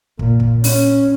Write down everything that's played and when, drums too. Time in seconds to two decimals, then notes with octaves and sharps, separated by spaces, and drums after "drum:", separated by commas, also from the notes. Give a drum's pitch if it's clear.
0.19 A#2, drum: kick
0.40 drum: kick
0.64 C#4, drum: open hi-hat